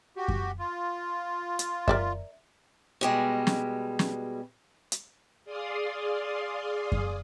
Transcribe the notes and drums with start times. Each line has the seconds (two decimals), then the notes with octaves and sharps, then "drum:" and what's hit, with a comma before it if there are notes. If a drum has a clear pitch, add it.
0.16 F#4 G4
0.28 drum: kick F#2
0.59 F4
1.59 drum: hi-hat
1.88 A#4 D5 E5, drum: kick F#2
3.01 B2 G3 G#3
3.47 drum: snare
3.99 drum: snare
4.92 drum: hi-hat
5.44 G#4 D5 F5 C6 D#6
6.92 drum: kick F#2